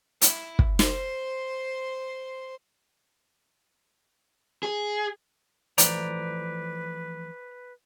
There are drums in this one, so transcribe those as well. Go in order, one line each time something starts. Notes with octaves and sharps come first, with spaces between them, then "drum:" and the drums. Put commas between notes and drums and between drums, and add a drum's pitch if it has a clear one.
E4, drum: hi-hat
drum: kick
C5 C6, drum: snare
G#4
E3 F3 A3 B4 C5 D5 A#5, drum: hi-hat